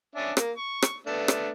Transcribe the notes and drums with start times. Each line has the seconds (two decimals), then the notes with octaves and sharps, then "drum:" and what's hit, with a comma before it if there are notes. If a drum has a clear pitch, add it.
0.16 C#4 D4 E5
0.37 A#3, drum: rim click
0.58 C#6
0.82 drum: rim click
1.07 A3 B3 D4
1.28 drum: rim click